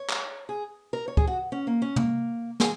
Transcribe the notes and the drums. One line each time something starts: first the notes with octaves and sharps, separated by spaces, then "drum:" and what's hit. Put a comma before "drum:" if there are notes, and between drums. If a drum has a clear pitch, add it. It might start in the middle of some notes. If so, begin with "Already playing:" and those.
Already playing: C#5
drum: clap
G#4
A#4
C#5
G#4, drum: kick
F#4
C#4
A#3
C#4
A#3, drum: tom
G#4, drum: snare